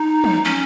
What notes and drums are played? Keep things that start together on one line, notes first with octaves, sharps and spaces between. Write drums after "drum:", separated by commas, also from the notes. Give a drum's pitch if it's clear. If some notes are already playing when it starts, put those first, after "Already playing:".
Already playing: D#4
drum: tom
C#4